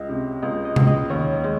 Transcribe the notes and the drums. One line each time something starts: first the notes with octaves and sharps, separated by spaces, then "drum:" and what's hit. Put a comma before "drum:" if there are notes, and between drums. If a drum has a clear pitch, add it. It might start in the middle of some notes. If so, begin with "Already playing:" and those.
Already playing: C#2 D#5
C3
C#2 D#5
D#5
C#2, drum: tom C3
D#5
D#2 C#5
G#3